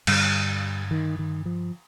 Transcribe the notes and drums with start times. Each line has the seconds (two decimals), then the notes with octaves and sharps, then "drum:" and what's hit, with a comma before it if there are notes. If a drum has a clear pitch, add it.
0.07 G2 D3 G3, drum: cymbal
0.91 D#3
1.19 D#3
1.46 F3